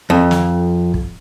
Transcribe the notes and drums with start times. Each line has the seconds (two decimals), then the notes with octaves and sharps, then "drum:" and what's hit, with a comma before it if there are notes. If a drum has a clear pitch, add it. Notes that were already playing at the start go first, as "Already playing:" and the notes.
0.10 F2
0.31 drum: snare
0.94 drum: kick